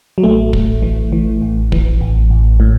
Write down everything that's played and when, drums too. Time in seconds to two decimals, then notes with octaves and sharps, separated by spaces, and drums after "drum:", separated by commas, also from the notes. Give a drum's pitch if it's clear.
0.18 F#3
0.23 A1 A3
0.53 A1, drum: kick
0.82 E3
1.12 E3
1.42 A1
1.72 E3, drum: kick
2.01 A1
2.30 A1
2.60 A2